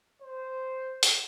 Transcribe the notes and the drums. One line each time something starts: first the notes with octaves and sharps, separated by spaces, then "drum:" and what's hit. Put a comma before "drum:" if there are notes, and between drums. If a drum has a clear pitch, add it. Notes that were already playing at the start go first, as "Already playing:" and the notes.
C5
drum: hi-hat